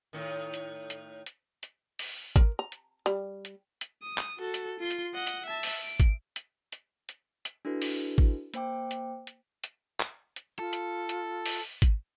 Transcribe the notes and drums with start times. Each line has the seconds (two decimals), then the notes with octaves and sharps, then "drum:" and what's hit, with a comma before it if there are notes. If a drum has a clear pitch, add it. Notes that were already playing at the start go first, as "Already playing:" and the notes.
0.13 A2 D#3
0.54 drum: hi-hat
0.90 drum: hi-hat
1.26 drum: hi-hat
1.63 drum: hi-hat
1.99 drum: open hi-hat
2.36 A#4, drum: kick G#1, hi-hat
2.59 A#5
2.72 drum: hi-hat
3.06 G3, drum: hi-hat
3.45 drum: hi-hat
3.81 drum: hi-hat
4.03 D#6
4.18 drum: clap
4.38 F#4 A4
4.54 drum: hi-hat
4.80 F4 C6
4.90 drum: hi-hat
5.14 D#5 F#5
5.27 drum: hi-hat
5.46 E5 A5
5.63 drum: open hi-hat
5.84 D7
6.00 drum: kick G#1, hi-hat
6.36 drum: hi-hat
6.72 drum: hi-hat
7.09 drum: hi-hat
7.45 drum: hi-hat
7.65 D4 E4 F#4 A4 B4
7.82 drum: open hi-hat
8.18 drum: kick G#1
8.54 A#3 C5 G5 D6, drum: hi-hat
8.91 drum: hi-hat
9.27 drum: hi-hat
9.64 drum: hi-hat
10.00 drum: clap
10.36 drum: hi-hat
10.59 F4 A4
10.73 drum: hi-hat
11.09 drum: hi-hat
11.46 drum: open hi-hat
11.82 drum: kick G#1, hi-hat